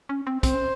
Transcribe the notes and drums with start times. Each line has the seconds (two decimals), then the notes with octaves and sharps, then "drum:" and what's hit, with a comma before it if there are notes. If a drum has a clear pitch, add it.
0.09 C#4
0.27 C4
0.43 C4 C5, drum: kick, hi-hat
0.54 C#4